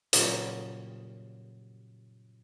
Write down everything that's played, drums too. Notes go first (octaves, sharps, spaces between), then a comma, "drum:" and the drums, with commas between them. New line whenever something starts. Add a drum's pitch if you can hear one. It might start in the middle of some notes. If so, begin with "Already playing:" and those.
F#2 A#2 C#3 F#3 G3, drum: hi-hat